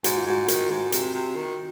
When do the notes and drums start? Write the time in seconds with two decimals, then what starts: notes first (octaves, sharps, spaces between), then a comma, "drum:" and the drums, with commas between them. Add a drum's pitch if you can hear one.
0.04 G#2 F#4, drum: hi-hat
0.17 F4
0.27 G#2 F#4
0.48 D#3, drum: hi-hat
0.70 G#2
0.92 C3, drum: hi-hat
1.14 C3
1.36 D#3